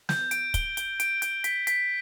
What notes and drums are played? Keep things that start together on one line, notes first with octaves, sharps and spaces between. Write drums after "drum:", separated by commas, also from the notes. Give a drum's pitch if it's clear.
G6, drum: snare
D7, drum: hi-hat
G7, drum: kick, hi-hat
G7, drum: hi-hat
D7, drum: hi-hat
G6, drum: hi-hat
B6, drum: hi-hat
B6, drum: hi-hat